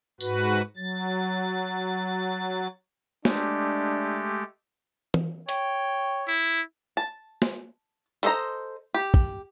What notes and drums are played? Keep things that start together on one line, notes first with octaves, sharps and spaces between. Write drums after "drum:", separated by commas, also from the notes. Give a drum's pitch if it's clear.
G#2 F#4 B4, drum: tambourine
F#3 A6
G#3 A3 D4 G4, drum: snare
drum: tom E3
C#5 G5, drum: hi-hat
E4
A5
drum: snare
G3 A4 C5 D#5 A#5, drum: hi-hat
G4
drum: kick